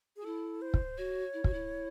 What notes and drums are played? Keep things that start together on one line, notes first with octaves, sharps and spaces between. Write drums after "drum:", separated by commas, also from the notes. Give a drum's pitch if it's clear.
G#4
F#4
E4 A4
C5
drum: kick
F#4 C#5
E4
F#4, drum: kick
E4